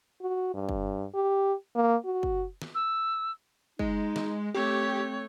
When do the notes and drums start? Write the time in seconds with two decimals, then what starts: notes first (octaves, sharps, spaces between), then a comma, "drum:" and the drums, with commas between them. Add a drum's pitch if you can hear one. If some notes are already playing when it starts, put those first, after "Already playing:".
0.21 F#4
0.54 G2
0.69 drum: kick
1.15 G4
1.76 A#3
2.05 F#4
2.23 drum: kick
2.62 drum: snare
2.75 E6
3.79 G#3 D#4, drum: kick
4.16 drum: snare
4.54 A3 C4 G4 C#5